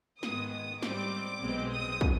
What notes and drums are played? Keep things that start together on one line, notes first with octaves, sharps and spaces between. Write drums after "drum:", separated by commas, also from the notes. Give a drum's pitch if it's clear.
G#2 D#3 G#3 B3 D#6, drum: snare
D#6
G#2 G3 C4 D6, drum: snare
B1 B2 G#3 C4
D#6
drum: kick